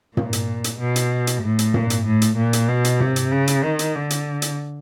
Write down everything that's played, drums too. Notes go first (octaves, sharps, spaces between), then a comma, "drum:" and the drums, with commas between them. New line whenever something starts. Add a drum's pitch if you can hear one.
A#2, drum: tom
drum: hi-hat
drum: hi-hat
B2
drum: hi-hat
drum: hi-hat
A2
drum: hi-hat
A#2, drum: tom
drum: hi-hat
A2
drum: hi-hat
A#2
drum: hi-hat
B2
drum: hi-hat
C3, drum: tom
drum: hi-hat
C#3
drum: hi-hat
D#3
drum: hi-hat
D3
drum: hi-hat
drum: hi-hat